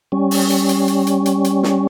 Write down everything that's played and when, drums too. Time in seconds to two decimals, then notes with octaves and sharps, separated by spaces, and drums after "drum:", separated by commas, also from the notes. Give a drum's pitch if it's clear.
0.12 G3 C#4
0.31 drum: open hi-hat
0.50 drum: hi-hat
0.69 drum: hi-hat
0.88 drum: hi-hat
1.07 drum: hi-hat
1.26 drum: hi-hat
1.44 drum: hi-hat
1.63 drum: snare